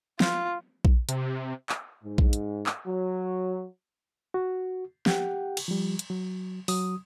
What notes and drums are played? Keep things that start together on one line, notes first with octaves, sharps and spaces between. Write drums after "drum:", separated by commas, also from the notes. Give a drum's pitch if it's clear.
F4, drum: snare
drum: kick A#1
C3, drum: hi-hat
drum: clap
G#2
drum: kick A#1
drum: hi-hat
drum: clap
F#3
F#4
G4 F#5 G5, drum: snare
drum: cymbal
F3 G3
drum: hi-hat
F#3
F#3 D#6, drum: open hi-hat